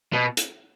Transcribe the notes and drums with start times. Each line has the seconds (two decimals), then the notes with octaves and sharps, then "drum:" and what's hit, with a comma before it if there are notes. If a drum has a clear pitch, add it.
0.13 B2
0.37 drum: hi-hat